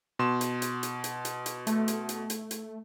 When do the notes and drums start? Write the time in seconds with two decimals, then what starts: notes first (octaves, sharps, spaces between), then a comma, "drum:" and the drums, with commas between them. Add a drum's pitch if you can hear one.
0.19 B2 C6 E7
0.41 drum: hi-hat
0.62 drum: hi-hat
0.83 drum: hi-hat
1.04 drum: hi-hat
1.25 drum: hi-hat
1.46 drum: hi-hat
1.67 A3, drum: hi-hat
1.88 drum: hi-hat
2.09 drum: hi-hat
2.30 drum: hi-hat
2.51 drum: hi-hat